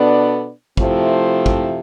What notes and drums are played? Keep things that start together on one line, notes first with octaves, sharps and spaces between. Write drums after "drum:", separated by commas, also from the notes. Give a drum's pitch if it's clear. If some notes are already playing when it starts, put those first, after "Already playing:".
Already playing: B2 B3 D4 A4 D5
C3 F3 A3 C4 E4, drum: kick
drum: kick